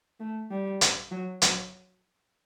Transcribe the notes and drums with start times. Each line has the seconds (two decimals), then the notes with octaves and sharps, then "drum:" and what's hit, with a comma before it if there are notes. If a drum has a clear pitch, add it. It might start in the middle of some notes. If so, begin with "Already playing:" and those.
0.20 A3
0.51 G3
0.81 drum: hi-hat
1.11 F#3
1.42 F#3, drum: hi-hat